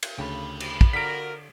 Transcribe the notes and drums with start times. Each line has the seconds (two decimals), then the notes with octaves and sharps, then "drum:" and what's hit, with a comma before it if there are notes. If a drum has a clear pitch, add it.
0.03 drum: cymbal
0.19 D2 C#3 G5 B5
0.60 drum: cymbal
0.81 drum: kick
0.93 D3 F4 F#4 A#4 B6 D7